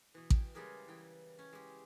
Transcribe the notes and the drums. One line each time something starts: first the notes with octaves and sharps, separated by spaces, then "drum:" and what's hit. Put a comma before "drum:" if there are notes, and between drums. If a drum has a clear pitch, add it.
B2 E3
G5, drum: kick A1
C#3 G3 G#3 G4 G#4 A#4
E3 G5
C#4
G#3 G4